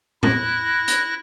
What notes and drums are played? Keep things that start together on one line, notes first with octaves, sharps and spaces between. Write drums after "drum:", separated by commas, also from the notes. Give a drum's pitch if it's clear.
E4 F#6 A#6, drum: tom
drum: hi-hat